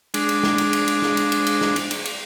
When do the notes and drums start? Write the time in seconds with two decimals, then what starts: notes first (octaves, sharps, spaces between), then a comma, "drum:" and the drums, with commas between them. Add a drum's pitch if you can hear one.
0.14 G#3 D4, drum: cymbal
0.29 drum: cymbal
0.43 drum: snare
0.58 drum: cymbal
0.73 drum: cymbal
0.88 drum: cymbal
1.02 drum: snare
1.17 drum: cymbal
1.32 drum: cymbal
1.47 drum: cymbal
1.61 drum: snare
1.76 drum: cymbal
1.91 drum: cymbal
2.05 drum: cymbal